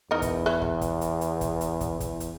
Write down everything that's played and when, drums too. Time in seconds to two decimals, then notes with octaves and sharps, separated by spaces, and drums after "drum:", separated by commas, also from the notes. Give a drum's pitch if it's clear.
0.11 E2 D#4 A#4 D#5
0.22 drum: kick, hi-hat
0.46 B4 C#5 E5
0.62 drum: kick
0.81 drum: kick, hi-hat
1.01 drum: hi-hat
1.21 drum: hi-hat
1.41 drum: kick, hi-hat
1.61 drum: hi-hat
1.81 drum: kick, hi-hat
2.00 E2, drum: kick, hi-hat
2.20 drum: hi-hat